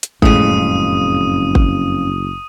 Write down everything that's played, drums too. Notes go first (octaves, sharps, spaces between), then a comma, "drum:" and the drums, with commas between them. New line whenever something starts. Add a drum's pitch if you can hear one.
drum: hi-hat
F#1 F2 A2 C#3 G#3 D#6 D#7, drum: kick G#1
drum: kick G#1